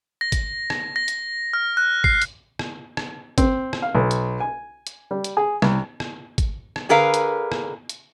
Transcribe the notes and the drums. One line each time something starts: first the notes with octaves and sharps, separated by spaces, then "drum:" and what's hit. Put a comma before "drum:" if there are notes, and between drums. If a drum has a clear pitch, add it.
A#6
drum: kick G#1, hi-hat
drum: rim click
A#6
drum: hi-hat
F6
F#6
C7, drum: kick G#1
drum: hi-hat
drum: rim click
drum: rim click
C4, drum: kick G#1, hi-hat
drum: rim click
F5
B1
drum: hi-hat
G#5
drum: hi-hat
G3
drum: hi-hat
G#4
C2, drum: rim click
drum: rim click
drum: kick G#1, hi-hat
drum: rim click
D3 G#4 A#4 B4 F5
drum: hi-hat
drum: rim click
drum: hi-hat